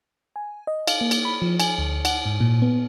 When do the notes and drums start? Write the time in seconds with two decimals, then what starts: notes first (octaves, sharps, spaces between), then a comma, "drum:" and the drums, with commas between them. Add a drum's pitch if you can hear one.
0.36 G#5
0.67 D#5
0.87 F5, drum: cymbal
1.01 A#3
1.11 drum: cymbal
1.25 B5
1.42 F3
1.60 G#5, drum: cymbal
1.78 D2
2.05 F#5, drum: cymbal
2.26 G#2
2.41 A#2
2.62 B3